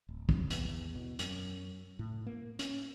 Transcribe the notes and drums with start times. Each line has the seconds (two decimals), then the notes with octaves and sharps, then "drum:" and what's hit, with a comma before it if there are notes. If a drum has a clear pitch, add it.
0.09 D1
0.29 drum: kick
0.50 E2, drum: hi-hat
0.96 B2
1.19 F#2, drum: hi-hat
1.99 A2
2.26 A#3
2.59 C#4, drum: hi-hat